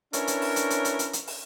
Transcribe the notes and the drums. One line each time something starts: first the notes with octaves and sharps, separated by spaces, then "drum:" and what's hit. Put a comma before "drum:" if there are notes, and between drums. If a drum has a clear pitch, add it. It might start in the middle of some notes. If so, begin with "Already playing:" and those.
C#4 D4 E4 A#4 B4 C#5, drum: hi-hat
drum: hi-hat
drum: open hi-hat
drum: hi-hat
drum: hi-hat
drum: hi-hat
drum: hi-hat
drum: hi-hat
drum: open hi-hat